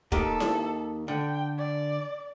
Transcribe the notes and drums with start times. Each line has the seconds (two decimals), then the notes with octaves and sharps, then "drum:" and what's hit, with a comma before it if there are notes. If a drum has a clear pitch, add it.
0.12 D#2 D#3 G4 A4, drum: kick
0.40 drum: snare E4
1.08 D3 G5
1.59 D5